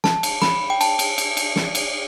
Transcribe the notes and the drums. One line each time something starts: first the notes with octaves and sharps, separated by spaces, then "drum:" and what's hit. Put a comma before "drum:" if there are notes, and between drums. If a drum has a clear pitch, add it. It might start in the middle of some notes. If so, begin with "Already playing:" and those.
A5, drum: snare
drum: cymbal
B5, drum: snare
G5
A5, drum: cymbal
drum: cymbal
drum: cymbal
drum: cymbal
drum: snare
drum: cymbal